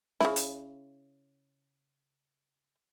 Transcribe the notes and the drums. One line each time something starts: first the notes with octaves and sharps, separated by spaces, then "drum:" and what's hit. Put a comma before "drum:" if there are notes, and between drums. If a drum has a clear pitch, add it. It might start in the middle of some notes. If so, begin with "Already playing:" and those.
C#3 E4, drum: snare C#4
drum: hi-hat